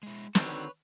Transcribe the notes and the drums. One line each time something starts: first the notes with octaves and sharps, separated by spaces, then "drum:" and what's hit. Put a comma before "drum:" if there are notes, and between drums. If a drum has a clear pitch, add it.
G#3 E4
D3 D#3 C4 F#4 B4 C#5 D5, drum: snare